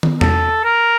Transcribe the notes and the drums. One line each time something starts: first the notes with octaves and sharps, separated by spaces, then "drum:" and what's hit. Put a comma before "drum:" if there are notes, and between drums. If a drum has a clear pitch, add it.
drum: tom
A4, drum: tom E2
A#4